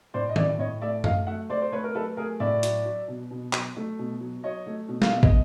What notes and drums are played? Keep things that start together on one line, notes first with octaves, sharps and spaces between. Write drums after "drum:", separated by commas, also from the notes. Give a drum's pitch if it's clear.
A2 C5 D5
D#5
A2 D5 E5, drum: tom D#3
A2 C#5 D#5
A3 D5 E5
F#3 D#5 F5, drum: tom F#2
A3 E5 F#5
A3 C5 D5
C5
A3 B4 C#5
A#4
F#3 A4 B4
A3 G#4 A#4
A2 D5 E5
F#3, drum: hi-hat
F#3
B2
B2
F#3, drum: clap
A3
B2
F#3
F#3 C#5 D#5
A3
B2
F5, drum: snare
B2 E5
D#5, drum: kick